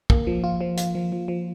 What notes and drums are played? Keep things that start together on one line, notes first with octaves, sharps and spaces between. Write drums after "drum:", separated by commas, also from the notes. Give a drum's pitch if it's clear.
A#3, drum: kick
F3
F4
F3
F4, drum: hi-hat
F3
F3
F3